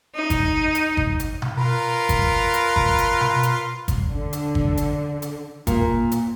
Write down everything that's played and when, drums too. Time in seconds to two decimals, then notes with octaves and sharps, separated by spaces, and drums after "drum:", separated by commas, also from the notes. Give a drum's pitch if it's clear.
0.15 D#4
0.30 drum: kick G1, hi-hat
0.75 drum: hi-hat
0.97 drum: kick G1
1.20 drum: hi-hat
1.42 drum: tom B2
1.58 F4 A#4 B4
2.09 drum: kick G1, hi-hat
2.54 drum: hi-hat
2.76 drum: kick G1
2.98 drum: hi-hat
3.21 drum: tom B2
3.43 drum: hi-hat
3.88 drum: kick G1, hi-hat
4.09 D3
4.33 drum: hi-hat
4.55 drum: kick G1
4.77 drum: hi-hat
5.22 drum: hi-hat
5.67 A#2, drum: kick G1, hi-hat
6.12 drum: hi-hat